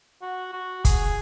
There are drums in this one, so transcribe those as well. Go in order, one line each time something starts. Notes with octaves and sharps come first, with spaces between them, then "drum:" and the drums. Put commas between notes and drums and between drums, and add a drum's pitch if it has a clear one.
F#4
F#4
G#4, drum: kick, hi-hat